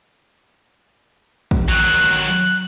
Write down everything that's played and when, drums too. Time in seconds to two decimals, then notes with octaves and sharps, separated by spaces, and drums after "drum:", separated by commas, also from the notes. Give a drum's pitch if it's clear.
1.51 drum: kick
1.69 D#3 F#3 F#6